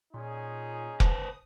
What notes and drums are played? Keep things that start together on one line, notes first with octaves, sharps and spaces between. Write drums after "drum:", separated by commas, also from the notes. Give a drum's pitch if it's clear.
A#2 C#4 D#4 G#4
B4 C5 A5 D#6, drum: kick F1